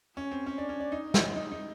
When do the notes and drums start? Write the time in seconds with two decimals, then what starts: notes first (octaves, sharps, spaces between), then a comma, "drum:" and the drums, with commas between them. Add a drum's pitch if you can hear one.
0.17 C#4
0.31 C4
0.46 C#4
0.58 D4
0.69 C#4
0.80 D4
0.92 D#4
1.14 E4, drum: snare
1.36 D#4
1.52 D#4